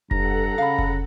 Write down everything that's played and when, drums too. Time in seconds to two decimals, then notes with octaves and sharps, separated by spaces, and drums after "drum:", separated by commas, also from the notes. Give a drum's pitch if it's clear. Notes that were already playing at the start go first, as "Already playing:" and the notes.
0.11 G2 A4 F#5 A#5, drum: kick F1
0.58 C#3 F5 B5
0.79 drum: kick F1